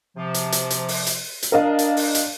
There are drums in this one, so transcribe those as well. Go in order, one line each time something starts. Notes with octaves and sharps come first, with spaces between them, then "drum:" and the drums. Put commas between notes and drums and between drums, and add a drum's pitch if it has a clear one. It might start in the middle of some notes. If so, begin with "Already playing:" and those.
C3 F3
drum: hi-hat
drum: hi-hat
drum: hi-hat
drum: open hi-hat
drum: hi-hat
drum: hi-hat
D4 A#4 D#5 F5
drum: hi-hat
drum: open hi-hat
drum: hi-hat